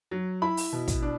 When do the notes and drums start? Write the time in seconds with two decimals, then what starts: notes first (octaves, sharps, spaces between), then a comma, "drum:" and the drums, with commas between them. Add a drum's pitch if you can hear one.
0.11 F#3
0.42 E4 B5
0.57 drum: open hi-hat
0.73 B2
0.88 drum: kick, hi-hat
1.02 D4